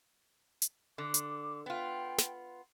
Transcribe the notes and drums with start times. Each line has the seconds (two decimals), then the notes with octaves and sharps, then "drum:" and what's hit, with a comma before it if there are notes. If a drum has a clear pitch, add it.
0.62 drum: hi-hat
0.98 D3 D6
1.14 drum: hi-hat
1.66 B3 F4 G5
2.18 drum: snare